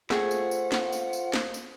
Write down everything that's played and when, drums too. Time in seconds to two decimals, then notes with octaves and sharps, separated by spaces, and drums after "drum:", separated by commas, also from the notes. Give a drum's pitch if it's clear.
0.10 A3 F4 G#4 C5 F#5, drum: snare
0.31 drum: tambourine
0.51 drum: tambourine
0.72 drum: snare
0.92 drum: tambourine
1.13 drum: tambourine
1.34 drum: snare
1.54 drum: tambourine